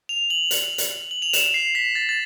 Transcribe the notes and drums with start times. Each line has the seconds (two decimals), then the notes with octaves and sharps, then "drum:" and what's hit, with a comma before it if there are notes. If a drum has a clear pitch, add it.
0.09 F7
0.30 F#7
0.51 drum: hi-hat
0.78 drum: hi-hat
1.11 F#7
1.22 F7
1.33 E7, drum: hi-hat
1.54 C7
1.75 B6
1.95 A6
2.09 A6